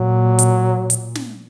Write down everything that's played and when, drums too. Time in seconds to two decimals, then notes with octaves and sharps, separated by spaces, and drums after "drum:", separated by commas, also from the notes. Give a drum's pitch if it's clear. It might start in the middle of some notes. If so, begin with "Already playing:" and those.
Already playing: A#2 F#3
0.39 drum: hi-hat
0.90 drum: hi-hat
1.15 drum: snare